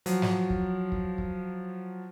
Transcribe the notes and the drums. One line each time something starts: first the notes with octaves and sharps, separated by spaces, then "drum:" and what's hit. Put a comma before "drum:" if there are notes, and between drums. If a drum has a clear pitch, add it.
F3 F#3, drum: hi-hat
drum: snare
drum: kick
drum: kick
drum: kick